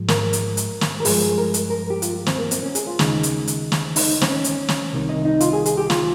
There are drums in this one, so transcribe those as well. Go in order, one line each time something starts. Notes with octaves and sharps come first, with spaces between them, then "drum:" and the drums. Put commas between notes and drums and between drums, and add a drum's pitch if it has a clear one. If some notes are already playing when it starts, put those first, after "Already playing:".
Already playing: G#2 F3 G#3
A#4, drum: snare
drum: hi-hat
drum: hi-hat
drum: snare
A#4
G2 F3 G#3 G#4, drum: open hi-hat
G#4
A#4
drum: hi-hat
A#4
G4
F4, drum: hi-hat
C4, drum: snare
A#3
C4, drum: hi-hat
C#4
G#4, drum: hi-hat
F4
D#2 C#3 G#3 D#4, drum: snare
drum: hi-hat
drum: hi-hat
drum: snare
D#4, drum: open hi-hat
C4, drum: snare
C#4
drum: hi-hat
drum: snare
C2 C3 D#3
D#4
D#4
F4, drum: hi-hat
G#4
G#4, drum: hi-hat
G4
F4, drum: snare